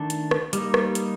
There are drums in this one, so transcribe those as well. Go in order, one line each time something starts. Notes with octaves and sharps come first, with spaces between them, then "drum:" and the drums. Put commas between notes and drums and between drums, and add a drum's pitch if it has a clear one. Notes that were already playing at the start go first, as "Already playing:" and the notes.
Already playing: D#3 A3 D4 A4
drum: hi-hat
drum: rim click
G3 A#3 D#4, drum: hi-hat
drum: rim click
drum: hi-hat